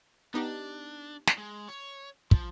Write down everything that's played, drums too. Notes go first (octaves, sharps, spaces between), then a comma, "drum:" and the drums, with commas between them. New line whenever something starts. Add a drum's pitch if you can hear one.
B3 D4 D#4 G4
drum: snare
G#3
C#5
F3, drum: kick